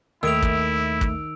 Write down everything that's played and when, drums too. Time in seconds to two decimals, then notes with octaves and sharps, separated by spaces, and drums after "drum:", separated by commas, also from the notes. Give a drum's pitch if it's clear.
0.23 D#2 D#3 A3 E4 E6 D7 F7
0.42 drum: kick
1.01 drum: kick